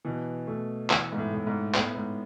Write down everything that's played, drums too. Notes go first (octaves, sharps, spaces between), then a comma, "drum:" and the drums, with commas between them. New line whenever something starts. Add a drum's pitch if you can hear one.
B2 E3
B2 A3
E3, drum: clap
G#2
A2
A2 A3
G#2
A2 B3, drum: clap
G#2